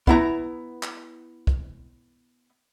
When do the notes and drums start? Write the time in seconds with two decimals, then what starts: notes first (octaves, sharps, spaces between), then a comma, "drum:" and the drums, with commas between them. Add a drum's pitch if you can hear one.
0.07 B3 E4 A#5, drum: kick
0.83 drum: clap
1.47 drum: kick